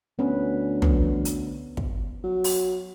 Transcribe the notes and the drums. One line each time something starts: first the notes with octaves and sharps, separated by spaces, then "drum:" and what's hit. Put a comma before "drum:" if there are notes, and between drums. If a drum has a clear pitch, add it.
D2 B3 C#4 B4
B3, drum: tom
drum: hi-hat
drum: kick
F#3
drum: open hi-hat